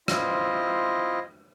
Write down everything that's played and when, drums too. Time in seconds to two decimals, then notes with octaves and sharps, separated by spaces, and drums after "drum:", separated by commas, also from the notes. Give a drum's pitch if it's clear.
0.08 C4 E4 F4 D#5, drum: rim click